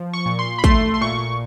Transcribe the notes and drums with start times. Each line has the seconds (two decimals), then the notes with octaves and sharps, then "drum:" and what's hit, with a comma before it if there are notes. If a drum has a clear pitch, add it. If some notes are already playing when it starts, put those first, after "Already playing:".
Already playing: F3
0.14 C#6
0.26 A#2
0.39 C6
0.58 B5
0.64 A3 C6, drum: kick, hi-hat
0.94 C6
1.01 A#2 C#6